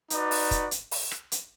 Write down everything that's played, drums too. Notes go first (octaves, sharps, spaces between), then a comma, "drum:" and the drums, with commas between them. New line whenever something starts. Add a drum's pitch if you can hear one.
D#4 F#4 B4 D5, drum: hi-hat
drum: open hi-hat
drum: kick, hi-hat
drum: hi-hat
drum: open hi-hat
drum: rim click
drum: hi-hat